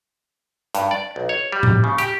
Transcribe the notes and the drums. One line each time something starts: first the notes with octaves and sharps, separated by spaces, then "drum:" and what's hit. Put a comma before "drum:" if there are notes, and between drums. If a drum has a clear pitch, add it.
G2, drum: hi-hat
D5
B1
C#5
G3
drum: tom A2
C#3
G4, drum: hi-hat